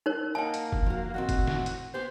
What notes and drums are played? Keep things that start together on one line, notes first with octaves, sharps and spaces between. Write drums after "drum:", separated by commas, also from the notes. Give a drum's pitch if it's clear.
D#4 A#4 C#5
A#3 D#4 F#5 A5
drum: hi-hat
drum: kick
F3 F#4
D#2 A2 C4 F#4
drum: kick, hi-hat
drum: snare
drum: hi-hat
B3 G4 C5